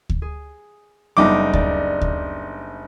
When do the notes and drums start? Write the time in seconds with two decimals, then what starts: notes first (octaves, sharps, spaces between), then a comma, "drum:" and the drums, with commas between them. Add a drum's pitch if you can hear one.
0.09 drum: kick D2
0.22 G#4
1.17 F#1 G3 B3 D4 D#4 D6
1.53 D5, drum: kick D2
2.01 drum: kick D2